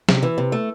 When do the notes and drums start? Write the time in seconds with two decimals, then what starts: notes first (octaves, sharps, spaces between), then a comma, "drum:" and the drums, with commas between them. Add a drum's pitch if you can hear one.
0.09 C3, drum: snare
0.23 E3
0.38 C3
0.52 A3